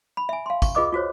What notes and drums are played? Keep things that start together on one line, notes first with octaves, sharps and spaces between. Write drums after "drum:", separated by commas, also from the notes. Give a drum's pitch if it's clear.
B5
E5 G#5
F5 C6
C#6, drum: kick, tambourine
F4 G#4 B4 D#5 D6 D#6
F4 F#4 C5 C#5